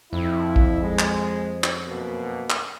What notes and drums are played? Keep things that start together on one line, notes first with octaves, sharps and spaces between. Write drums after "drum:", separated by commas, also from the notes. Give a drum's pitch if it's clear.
F2 E4
drum: kick
G#3
drum: clap
drum: clap
F#2 B2 A#3
drum: clap